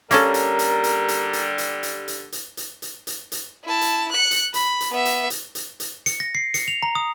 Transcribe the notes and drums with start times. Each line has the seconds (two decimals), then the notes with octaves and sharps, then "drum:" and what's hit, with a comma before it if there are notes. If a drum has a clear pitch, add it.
0.11 D3 G3 A#3 C#4 A4 A#4, drum: hi-hat
0.34 drum: hi-hat
0.59 drum: hi-hat
0.84 drum: hi-hat
1.08 drum: hi-hat
1.33 drum: hi-hat
1.58 drum: hi-hat
1.83 drum: hi-hat
2.08 drum: hi-hat
2.32 drum: hi-hat
2.57 drum: hi-hat
2.82 drum: hi-hat
3.07 drum: hi-hat
3.32 drum: hi-hat
3.65 E4 A5
3.81 drum: hi-hat
4.12 F#6 C#7
4.31 drum: hi-hat
4.54 B5, drum: hi-hat
4.80 drum: hi-hat
4.91 B3 E5
5.05 drum: hi-hat
5.30 drum: hi-hat
5.55 drum: hi-hat
5.80 drum: hi-hat
6.06 C#7, drum: hi-hat
6.20 A#6
6.35 C7
6.54 C#7, drum: hi-hat
6.68 F7
6.83 A#5
6.95 D#6